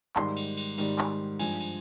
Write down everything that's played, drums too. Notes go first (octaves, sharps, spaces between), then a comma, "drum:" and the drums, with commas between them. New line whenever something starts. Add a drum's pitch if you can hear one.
G#2 D#3 G3 C6, drum: clap
drum: cymbal
drum: cymbal
G#2 D#3 G3, drum: cymbal
drum: clap
G2 F3 G#3 G#5, drum: cymbal
drum: cymbal